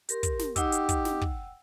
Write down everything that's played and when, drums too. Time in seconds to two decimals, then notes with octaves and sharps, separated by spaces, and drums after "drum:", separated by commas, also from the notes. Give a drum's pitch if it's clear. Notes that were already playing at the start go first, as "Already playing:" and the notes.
0.09 G4 A#4 C6, drum: hi-hat
0.23 drum: kick, hi-hat
0.39 drum: snare
0.56 D#4 G4 D#5 F#5 G5 E6, drum: kick, hi-hat
0.72 drum: hi-hat
0.89 drum: kick, hi-hat
1.05 drum: snare
1.21 drum: kick